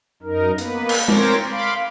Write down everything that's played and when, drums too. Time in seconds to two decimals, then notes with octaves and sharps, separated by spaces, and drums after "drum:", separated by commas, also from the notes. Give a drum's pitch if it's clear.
0.23 F#2 D#4 A#4
0.58 A#3 B3 B4, drum: hi-hat
0.89 drum: cymbal
1.08 C4 A#4 C5 C#5 D6 A#6, drum: tom G#3
1.51 F5 B5 C6 D6